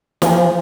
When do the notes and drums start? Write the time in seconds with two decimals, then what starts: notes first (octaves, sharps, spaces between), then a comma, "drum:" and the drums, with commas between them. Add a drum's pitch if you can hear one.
0.22 E3, drum: snare
0.29 F3